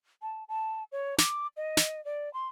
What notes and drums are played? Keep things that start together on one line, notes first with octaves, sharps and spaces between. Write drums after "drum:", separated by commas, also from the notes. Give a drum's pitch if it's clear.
A5
A5
C#5
D6, drum: snare
D#5
drum: snare
D5
C6